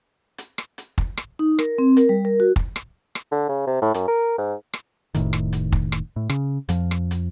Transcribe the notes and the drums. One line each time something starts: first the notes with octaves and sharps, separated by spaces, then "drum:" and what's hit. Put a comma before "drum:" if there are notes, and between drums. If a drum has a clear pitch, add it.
drum: hi-hat
drum: rim click
drum: hi-hat
drum: kick
drum: rim click
D#4
A#4, drum: rim click
C4
A#4, drum: hi-hat
G3
A#4
F#4
drum: kick
drum: rim click
drum: rim click
D3
C#3
C3
A2
F#2, drum: hi-hat
A#4
G#2
drum: rim click
F1 A2 D#3, drum: hi-hat
drum: rim click
drum: hi-hat
drum: kick
drum: rim click
A2
C#3, drum: rim click
F2 F3, drum: hi-hat
drum: rim click
drum: hi-hat